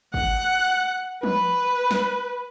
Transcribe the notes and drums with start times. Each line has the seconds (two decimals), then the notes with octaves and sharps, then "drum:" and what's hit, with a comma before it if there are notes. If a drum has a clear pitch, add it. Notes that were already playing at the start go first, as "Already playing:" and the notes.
0.14 F#5, drum: kick
1.23 B4, drum: tom F3
1.91 drum: snare